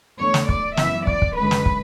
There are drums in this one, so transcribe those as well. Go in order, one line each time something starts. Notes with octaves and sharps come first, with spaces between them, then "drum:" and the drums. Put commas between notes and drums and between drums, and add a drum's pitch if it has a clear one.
E2 D3 A3 C#5
drum: snare
D5, drum: kick
F#2 E3 B3 E5, drum: snare
D5, drum: kick
drum: kick
F#2 D3 G#3 B4
drum: snare
drum: kick